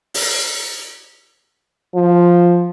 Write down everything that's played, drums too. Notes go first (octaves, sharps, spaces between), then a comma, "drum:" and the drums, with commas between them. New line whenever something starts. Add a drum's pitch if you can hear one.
drum: open hi-hat
F3